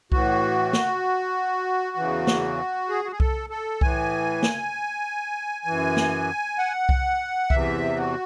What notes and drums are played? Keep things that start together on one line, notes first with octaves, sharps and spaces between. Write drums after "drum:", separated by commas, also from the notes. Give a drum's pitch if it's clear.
A2 E3 F#4, drum: kick C2
drum: snare
E2 C#3 E3
drum: snare
G#4
F#4
G#4
A4, drum: kick C2
A4
A2 E3 G#5, drum: kick C2
drum: snare
F#2 E3
drum: snare
F#5
drum: kick C2
E2 C3 E3 E5, drum: kick C2
F#4